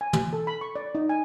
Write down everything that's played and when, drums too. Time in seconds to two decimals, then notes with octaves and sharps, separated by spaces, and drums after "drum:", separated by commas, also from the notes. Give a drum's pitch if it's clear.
0.01 G#5
0.13 drum: tom
0.33 A4
0.47 B5
0.61 C#6
0.76 D5
0.95 D#4
1.09 G#5